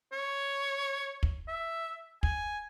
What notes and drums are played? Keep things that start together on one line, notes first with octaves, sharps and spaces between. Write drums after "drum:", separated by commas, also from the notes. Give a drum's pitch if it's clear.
C#5
drum: kick
E5
G#5, drum: kick